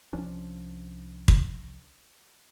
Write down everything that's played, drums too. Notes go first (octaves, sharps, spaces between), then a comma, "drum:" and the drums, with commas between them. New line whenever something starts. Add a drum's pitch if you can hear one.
C2 F3 C#4 D4
drum: kick